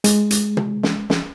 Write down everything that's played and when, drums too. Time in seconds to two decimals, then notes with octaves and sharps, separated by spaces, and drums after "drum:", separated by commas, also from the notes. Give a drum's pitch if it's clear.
0.04 G#3, drum: hi-hat
0.31 drum: hi-hat
0.57 drum: tom
0.83 drum: snare
1.10 drum: snare